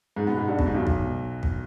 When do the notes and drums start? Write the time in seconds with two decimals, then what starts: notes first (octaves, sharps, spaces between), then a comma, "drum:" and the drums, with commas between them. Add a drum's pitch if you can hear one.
0.16 G#2 G#3
0.27 B2 B3
0.37 G#2 G#3
0.48 G2 G3
0.59 B2, drum: kick
0.66 G#2
0.74 B1 B2
0.87 drum: kick
1.43 drum: kick